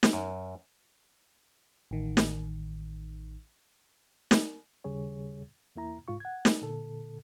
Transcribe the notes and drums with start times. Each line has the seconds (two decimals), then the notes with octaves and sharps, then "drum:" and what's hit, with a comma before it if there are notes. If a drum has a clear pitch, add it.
0.03 drum: snare
0.13 F#2
1.91 A1 D#3
2.17 drum: snare
4.31 drum: snare
4.84 D#2 C#3 G3 G#4 C#5
5.76 E2 A#3 E4 A#5
6.08 G#2 F4 C#6
6.20 F#5 G#6
6.45 drum: snare
6.62 A#2 D3 A4